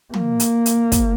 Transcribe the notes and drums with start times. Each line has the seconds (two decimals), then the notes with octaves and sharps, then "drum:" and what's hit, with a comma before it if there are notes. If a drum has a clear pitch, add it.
0.14 A#3, drum: tom
0.40 drum: hi-hat
0.66 drum: hi-hat
0.92 drum: kick, hi-hat